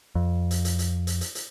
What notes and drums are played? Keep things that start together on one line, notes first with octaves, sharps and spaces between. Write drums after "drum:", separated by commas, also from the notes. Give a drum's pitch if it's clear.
F2
drum: hi-hat
drum: hi-hat
drum: hi-hat
drum: hi-hat
drum: hi-hat
drum: hi-hat